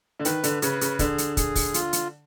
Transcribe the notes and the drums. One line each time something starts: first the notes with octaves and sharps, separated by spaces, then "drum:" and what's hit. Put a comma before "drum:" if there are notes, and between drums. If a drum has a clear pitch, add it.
D3
D#3 B4, drum: hi-hat
D3, drum: hi-hat
C#3 B4, drum: hi-hat
C#3, drum: hi-hat
D3 G#4, drum: kick, hi-hat
drum: hi-hat
G#4, drum: kick, hi-hat
drum: kick, open hi-hat
F4, drum: hi-hat
drum: hi-hat